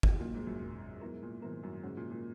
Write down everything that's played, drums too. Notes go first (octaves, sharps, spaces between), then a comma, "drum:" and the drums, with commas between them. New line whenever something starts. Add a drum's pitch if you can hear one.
drum: kick G1
A#2 C#3 F#3 A#3 D#4 F#4
G#2
F#2
E2 B2 F#3 A#3
G#2 F#3 B3 E4 A#4
A#2
G#2 D#3 F#3 B3 E4 A#4
F#2
G#2 C#3 F#3 C#4 F#4
A#2
A#2